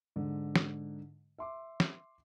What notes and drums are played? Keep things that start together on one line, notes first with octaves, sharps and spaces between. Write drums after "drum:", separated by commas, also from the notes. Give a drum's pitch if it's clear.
G#2 D3
drum: snare
E5 C6 D6
drum: snare